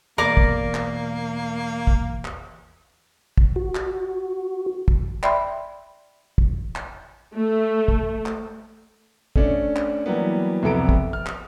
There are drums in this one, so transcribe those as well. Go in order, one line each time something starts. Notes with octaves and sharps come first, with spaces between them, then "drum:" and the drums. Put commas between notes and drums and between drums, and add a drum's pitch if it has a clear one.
E2 B2 A#3 A#4 D5 D6
drum: kick
drum: clap
drum: kick
drum: clap
drum: kick
F#4
drum: clap
drum: kick
D5 E5 G5 B5 C6, drum: clap
drum: kick
drum: clap
A3
drum: kick
drum: clap
A3 C#4 D4, drum: kick
drum: clap
E3 F#3 G3 A#3 B3
C2 F2 B3 A4 A#5 D7
drum: kick
F6
drum: clap